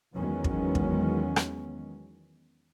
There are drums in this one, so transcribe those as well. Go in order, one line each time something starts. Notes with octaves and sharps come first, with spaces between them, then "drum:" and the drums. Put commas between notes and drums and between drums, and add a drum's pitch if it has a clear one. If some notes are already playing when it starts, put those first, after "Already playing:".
E2 D#3 F#3 G#3 B3 C#4
drum: kick
drum: kick
drum: rim click